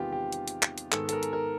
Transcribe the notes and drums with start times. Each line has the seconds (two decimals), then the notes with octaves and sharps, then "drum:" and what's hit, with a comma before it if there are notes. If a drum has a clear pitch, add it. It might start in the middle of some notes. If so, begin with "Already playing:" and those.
Already playing: E2 C3 D#3 G#3 B3 F4 G4
0.12 G4
0.32 drum: hi-hat
0.48 drum: hi-hat
0.63 drum: clap
0.78 drum: hi-hat
0.92 G#2 D#3 G#3 B3 A4, drum: clap
1.09 A4, drum: hi-hat
1.13 A#4
1.23 drum: hi-hat
1.33 A#4